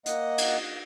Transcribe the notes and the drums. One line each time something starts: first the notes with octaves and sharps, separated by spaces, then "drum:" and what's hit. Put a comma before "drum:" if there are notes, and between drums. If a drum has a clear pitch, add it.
A#3 D#5 F#5, drum: hi-hat
drum: cymbal